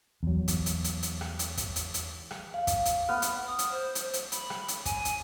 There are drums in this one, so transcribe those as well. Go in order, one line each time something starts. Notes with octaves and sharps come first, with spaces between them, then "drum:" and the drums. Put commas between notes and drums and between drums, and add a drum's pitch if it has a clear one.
E2 F#3
drum: kick, hi-hat
drum: hi-hat
drum: hi-hat
drum: hi-hat
drum: rim click
drum: hi-hat
drum: kick, hi-hat
drum: hi-hat
drum: hi-hat
drum: rim click
F5
drum: kick, hi-hat
drum: hi-hat
B3 F6
drum: hi-hat
D#6
drum: hi-hat
C5
drum: hi-hat
drum: hi-hat
B5, drum: hi-hat
drum: rim click
drum: hi-hat
G#5, drum: kick, hi-hat
drum: hi-hat